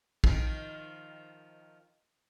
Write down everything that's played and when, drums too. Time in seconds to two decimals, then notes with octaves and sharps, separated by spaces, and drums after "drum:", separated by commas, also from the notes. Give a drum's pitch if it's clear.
0.24 D#3 F3 F4, drum: kick